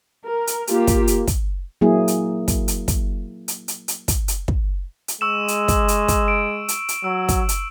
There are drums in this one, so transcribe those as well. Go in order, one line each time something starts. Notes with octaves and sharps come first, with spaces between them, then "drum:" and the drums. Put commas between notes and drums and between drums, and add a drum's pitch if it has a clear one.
A#4
drum: hi-hat
A#3 F4 G4, drum: hi-hat
drum: kick, hi-hat
drum: hi-hat
drum: kick, hi-hat
F#3 A#3 E4 G#4
drum: hi-hat
drum: kick, hi-hat
drum: hi-hat
drum: kick, hi-hat
drum: hi-hat
drum: hi-hat
drum: hi-hat
drum: kick, hi-hat
drum: hi-hat
drum: kick
drum: hi-hat
G#3 C#6 E6 E7
drum: hi-hat
drum: kick, hi-hat
drum: hi-hat
drum: kick, hi-hat
D7
drum: hi-hat
drum: hi-hat
F#3 E6
drum: kick, hi-hat
drum: hi-hat